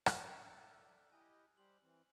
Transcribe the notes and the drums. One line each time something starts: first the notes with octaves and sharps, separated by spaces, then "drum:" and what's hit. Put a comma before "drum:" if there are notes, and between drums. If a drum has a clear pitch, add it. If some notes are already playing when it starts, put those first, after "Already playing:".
C5 E6 F#6, drum: rim click
A4 D5 E5 F6 G6
E4 G4 D#5 G#5
G3 G4 C5 F#7
E3 C4